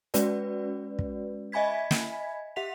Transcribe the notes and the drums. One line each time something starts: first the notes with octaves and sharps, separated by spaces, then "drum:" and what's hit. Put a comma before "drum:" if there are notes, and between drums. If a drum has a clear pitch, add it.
G#3 C#4 F#4 B4 D5, drum: hi-hat
drum: kick
D#5 E5 G#5 B5 G#6 B6
drum: snare
G4 E5 F#5 B6 F7